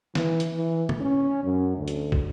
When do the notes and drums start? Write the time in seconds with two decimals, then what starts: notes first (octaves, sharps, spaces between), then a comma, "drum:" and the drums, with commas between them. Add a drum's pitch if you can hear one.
0.15 E3, drum: snare
0.40 drum: hi-hat
0.56 E3
0.89 drum: tom
1.01 C#4
1.43 F#2
1.76 D2
1.88 drum: hi-hat
2.12 drum: kick